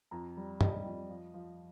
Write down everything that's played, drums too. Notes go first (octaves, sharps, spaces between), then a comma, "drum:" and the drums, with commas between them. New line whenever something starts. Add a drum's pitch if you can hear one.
F2 A#5
G3
G3 D#5, drum: tom
F2
F3
F3